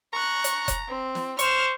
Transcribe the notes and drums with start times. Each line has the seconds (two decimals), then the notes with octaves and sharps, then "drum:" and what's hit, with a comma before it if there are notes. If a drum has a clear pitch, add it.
0.13 A#5 C#6 F#6
0.44 drum: hi-hat
0.68 drum: kick F1, hi-hat
0.88 C4
1.15 drum: snare
1.39 C5 C#6 F6 E7, drum: hi-hat